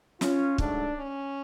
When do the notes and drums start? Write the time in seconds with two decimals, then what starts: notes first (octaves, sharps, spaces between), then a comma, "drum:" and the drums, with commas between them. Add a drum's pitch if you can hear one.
0.21 C#4 F4, drum: snare
0.58 G#2 F#3 A3 D4, drum: kick
0.96 C#4